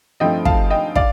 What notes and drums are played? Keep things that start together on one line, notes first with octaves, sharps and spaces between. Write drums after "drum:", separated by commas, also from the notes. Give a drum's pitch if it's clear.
G2 F3 A3 C4 D#5 G5
F5 A5, drum: kick
D#5 G5
D5 F5, drum: kick